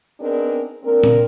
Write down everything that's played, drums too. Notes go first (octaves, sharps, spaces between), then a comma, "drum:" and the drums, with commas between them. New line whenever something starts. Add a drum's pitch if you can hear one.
B3 C4 D4 D#4 G#4 A#4
A#3 C4 D4 A#4
drum: tom A#2